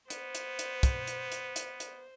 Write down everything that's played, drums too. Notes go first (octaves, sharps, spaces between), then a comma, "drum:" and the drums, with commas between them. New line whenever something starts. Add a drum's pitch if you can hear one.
B3 C5, drum: hi-hat
drum: hi-hat
drum: hi-hat
drum: kick, hi-hat
drum: hi-hat
drum: hi-hat
drum: hi-hat
drum: hi-hat